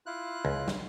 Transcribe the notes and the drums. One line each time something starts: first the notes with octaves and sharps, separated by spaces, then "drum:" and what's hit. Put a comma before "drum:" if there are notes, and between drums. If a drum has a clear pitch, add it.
E4 F4 F#6
C#2
drum: snare